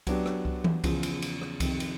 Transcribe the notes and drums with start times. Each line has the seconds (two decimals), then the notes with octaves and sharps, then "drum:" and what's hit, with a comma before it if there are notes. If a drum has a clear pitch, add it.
0.07 F#3 B3 D4 G4, drum: kick C2, cymbal
0.26 drum: rim click
0.45 drum: kick C2
0.64 drum: tom E3
0.84 E2 C#3 F3, drum: kick C2, cymbal
1.03 drum: cymbal
1.22 drum: cymbal
1.42 drum: rim click
1.60 F2 C3 D#3, drum: kick C2, cymbal
1.80 drum: cymbal